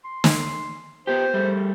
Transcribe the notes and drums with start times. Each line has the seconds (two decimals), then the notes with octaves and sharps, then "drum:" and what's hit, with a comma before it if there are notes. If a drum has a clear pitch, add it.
0.04 C6
0.24 drum: snare
1.07 B3 G4 C5
1.34 G3 A3